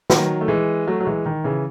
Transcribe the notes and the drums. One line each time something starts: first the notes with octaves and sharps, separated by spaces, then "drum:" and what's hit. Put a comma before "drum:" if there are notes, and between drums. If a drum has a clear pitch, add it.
D#3 F#3, drum: snare
A3
E3 G#3
F#3 A3
F#3
E3 G#3
D#3
C#3 E3